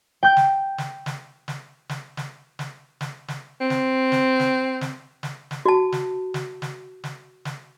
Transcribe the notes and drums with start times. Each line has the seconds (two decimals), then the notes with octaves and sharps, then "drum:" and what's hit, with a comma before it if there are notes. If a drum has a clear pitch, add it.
0.23 G5 G6
0.37 drum: snare
0.78 drum: snare
1.06 drum: snare
1.48 drum: snare
1.89 drum: snare
2.17 drum: snare
2.59 drum: snare
3.01 drum: snare
3.28 drum: snare
3.60 C4
3.70 drum: snare
4.12 drum: snare
4.40 drum: snare
4.81 drum: snare
5.23 drum: snare
5.51 drum: snare
5.66 F#4 A5
5.92 drum: snare
6.34 drum: snare
6.62 drum: snare
7.04 drum: snare
7.45 drum: snare